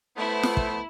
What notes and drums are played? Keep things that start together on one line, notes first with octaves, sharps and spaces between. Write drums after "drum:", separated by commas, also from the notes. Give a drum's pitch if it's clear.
A3 B3 E4 C5
drum: snare
drum: kick